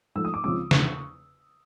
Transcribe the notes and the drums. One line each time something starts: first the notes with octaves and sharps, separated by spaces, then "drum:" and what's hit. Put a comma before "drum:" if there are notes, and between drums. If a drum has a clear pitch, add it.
G#2 F3 A3 E6
D#6
D6
C#2 C#3 F3 G#3 C4 D6
F1 E2 C#3 C#6, drum: snare